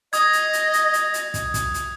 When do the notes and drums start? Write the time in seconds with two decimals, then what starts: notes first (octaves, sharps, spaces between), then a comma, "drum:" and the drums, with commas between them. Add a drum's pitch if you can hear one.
0.13 D#5 D#6 G#6, drum: hi-hat
0.33 drum: hi-hat
0.53 drum: hi-hat
0.73 drum: hi-hat
0.93 drum: hi-hat
1.14 drum: hi-hat
1.34 drum: kick, hi-hat
1.54 drum: kick, hi-hat
1.74 drum: hi-hat